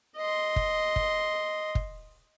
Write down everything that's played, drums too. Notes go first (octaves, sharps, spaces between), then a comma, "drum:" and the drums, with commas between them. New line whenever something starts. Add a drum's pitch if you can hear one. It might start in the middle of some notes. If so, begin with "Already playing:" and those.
D#5 C6
drum: kick
drum: kick
drum: kick